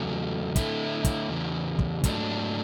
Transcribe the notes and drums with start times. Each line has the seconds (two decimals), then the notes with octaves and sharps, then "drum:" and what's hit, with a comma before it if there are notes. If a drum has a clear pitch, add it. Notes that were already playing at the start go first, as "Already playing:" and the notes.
Already playing: E2 C#3 F#3 A3
0.56 D3 A3 E4, drum: kick, hi-hat
1.05 drum: kick, hi-hat
1.29 E2 C#3 E3
1.79 drum: kick
2.04 G#2 F#3 A3 D4, drum: kick, hi-hat